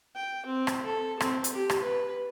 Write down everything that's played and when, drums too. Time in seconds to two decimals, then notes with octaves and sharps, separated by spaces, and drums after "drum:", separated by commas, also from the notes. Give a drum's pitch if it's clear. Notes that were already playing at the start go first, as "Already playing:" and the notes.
0.16 G5
0.46 C4
0.67 drum: rim click
0.85 A4
1.20 C4, drum: rim click
1.44 drum: hi-hat
1.54 G4
1.70 drum: rim click
1.83 B4